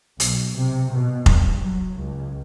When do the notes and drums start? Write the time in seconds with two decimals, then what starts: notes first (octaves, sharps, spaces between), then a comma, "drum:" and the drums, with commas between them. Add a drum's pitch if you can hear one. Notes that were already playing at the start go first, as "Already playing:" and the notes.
0.20 B1, drum: hi-hat
0.57 C3
0.91 B2
1.26 G2, drum: kick F1
1.57 F#3
1.97 C#2